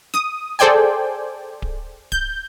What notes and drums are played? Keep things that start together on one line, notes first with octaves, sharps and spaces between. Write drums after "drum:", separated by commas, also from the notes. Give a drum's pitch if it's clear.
D#6, drum: snare
G#4 A4 C5 D5 G5 G#5
drum: kick D1
G6, drum: kick D1